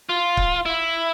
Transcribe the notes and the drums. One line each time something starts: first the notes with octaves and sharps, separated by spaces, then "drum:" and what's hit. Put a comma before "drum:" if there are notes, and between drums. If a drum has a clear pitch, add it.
F4
drum: kick C#1
E4